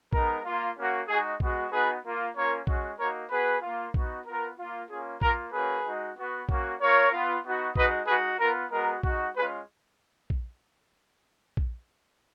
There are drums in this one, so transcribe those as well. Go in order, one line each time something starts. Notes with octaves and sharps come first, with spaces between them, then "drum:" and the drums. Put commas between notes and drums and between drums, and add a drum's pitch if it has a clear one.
G#3 B3 D#4 A#4, drum: kick A#1
A#3 F4
A#3 C#4 F#4
G#3 D#4 F#4 G#4
G#3 B3 F#4, drum: kick A#1
B3 D#4 F#4 G#4 B4
A#3 F4
A#3 C#4 F4 A#4 C#5
G#3 C#4 F#4, drum: kick A#1
A#3 D#4 F#4 A#4 C#5
B3 F#4 G#4 B4
A#3 F4
B3 D#4 F#4, drum: kick A#1
B3 F4 A#4
A#3 F4
A#3 C#4 F4 G#4
A#3 F4 A#4, drum: kick A#1
A#3 C#4 F#4 G#4 B4
G#3 D#4 F#4
B3 F#4
A#3 C#4 F#4, drum: kick A#1
A#3 F4 A#4 C#5
B3 F4
B3 D#4 F#4
G#3 D#4 F#4 B4 D#5, drum: kick A#1
G#3 D#4 F#4 G#4 B4
B3 F4 A#4
G#3 B3 F#4 A#4
G#3 D#4 F#4, drum: kick A#1
G#3 C#4 F4 G#4 B4
drum: kick A#1
drum: kick A#1